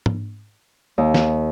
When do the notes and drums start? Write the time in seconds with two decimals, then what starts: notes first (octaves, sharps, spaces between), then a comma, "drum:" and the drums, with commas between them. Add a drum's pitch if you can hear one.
0.06 drum: tom G#2
0.98 D#2
1.14 drum: snare